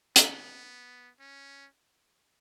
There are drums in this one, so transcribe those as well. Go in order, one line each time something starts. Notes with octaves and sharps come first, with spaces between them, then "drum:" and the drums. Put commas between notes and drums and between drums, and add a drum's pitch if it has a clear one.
B3, drum: hi-hat
C#4